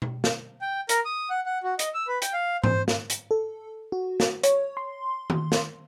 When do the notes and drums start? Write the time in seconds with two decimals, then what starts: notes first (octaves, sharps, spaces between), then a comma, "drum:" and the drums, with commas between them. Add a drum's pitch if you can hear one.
0.02 drum: tom B2
0.24 drum: snare
0.61 G5
0.89 A#4, drum: hi-hat
1.05 D#6
1.30 F#5
1.46 F#5
1.63 F#4
1.79 D#5, drum: hi-hat
1.94 E6
2.08 B4
2.22 G5, drum: hi-hat
2.33 F5
2.64 C5, drum: tom G#2
2.88 drum: snare
3.10 drum: hi-hat
3.31 A4
3.92 F#4
4.20 drum: snare
4.43 C#5, drum: hi-hat
4.77 C6
5.30 drum: tom D#3
5.52 drum: snare